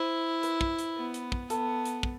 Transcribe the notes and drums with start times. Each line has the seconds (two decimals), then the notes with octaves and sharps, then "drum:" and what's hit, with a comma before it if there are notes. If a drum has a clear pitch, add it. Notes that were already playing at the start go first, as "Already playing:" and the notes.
Already playing: E4 C5
0.43 B4, drum: hi-hat
0.61 drum: kick
0.79 drum: hi-hat
0.96 B3
1.14 drum: hi-hat
1.32 drum: kick
1.50 B3 A4, drum: hi-hat
1.85 drum: hi-hat
2.03 drum: kick